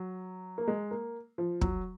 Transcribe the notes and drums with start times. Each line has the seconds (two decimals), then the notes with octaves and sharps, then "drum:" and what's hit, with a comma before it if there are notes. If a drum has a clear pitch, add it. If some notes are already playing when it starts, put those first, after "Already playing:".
Already playing: F#3
0.58 A#3
0.68 G#3
0.91 A#3
1.38 F3
1.61 F#3, drum: kick